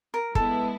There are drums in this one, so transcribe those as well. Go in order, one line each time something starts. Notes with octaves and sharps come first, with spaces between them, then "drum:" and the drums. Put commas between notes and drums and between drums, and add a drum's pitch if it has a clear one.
A#4
G#3 B3 E4 A4, drum: kick